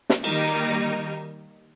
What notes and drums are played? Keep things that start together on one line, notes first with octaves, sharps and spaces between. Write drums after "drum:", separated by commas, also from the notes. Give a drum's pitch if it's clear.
drum: snare
D#3 G3 A#3 D#4, drum: cymbal